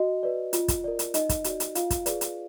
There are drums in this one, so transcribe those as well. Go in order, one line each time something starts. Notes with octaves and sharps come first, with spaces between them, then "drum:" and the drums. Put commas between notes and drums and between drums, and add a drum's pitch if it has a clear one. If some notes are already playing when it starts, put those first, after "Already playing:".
Already playing: F#4 D#5
B4 D5
F4, drum: hi-hat
drum: kick, hi-hat
A#4 D5
drum: hi-hat
D#4 D#5, drum: hi-hat
drum: kick, hi-hat
F#4 D5, drum: hi-hat
drum: hi-hat
F4 F5, drum: hi-hat
drum: kick, hi-hat
G#4 B4 D5, drum: hi-hat
drum: hi-hat